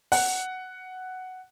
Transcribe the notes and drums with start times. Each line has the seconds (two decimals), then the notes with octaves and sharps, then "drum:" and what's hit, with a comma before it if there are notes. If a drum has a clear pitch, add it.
0.12 F#5, drum: open hi-hat